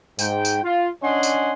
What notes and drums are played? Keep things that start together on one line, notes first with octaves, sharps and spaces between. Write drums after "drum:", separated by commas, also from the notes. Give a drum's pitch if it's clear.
G#2 G5, drum: tambourine
drum: tambourine
F4
C#4 D4 D#5 F#5 G#5 C6
drum: tambourine